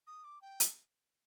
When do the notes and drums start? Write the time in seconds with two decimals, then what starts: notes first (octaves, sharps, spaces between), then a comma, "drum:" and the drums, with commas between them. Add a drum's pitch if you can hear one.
0.07 D#6
0.24 D6
0.41 G5
0.60 drum: hi-hat